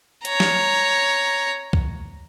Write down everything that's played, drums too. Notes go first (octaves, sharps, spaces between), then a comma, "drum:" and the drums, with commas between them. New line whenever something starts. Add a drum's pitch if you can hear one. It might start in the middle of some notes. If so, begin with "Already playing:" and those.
C#5 A#5, drum: hi-hat
drum: snare
drum: kick C2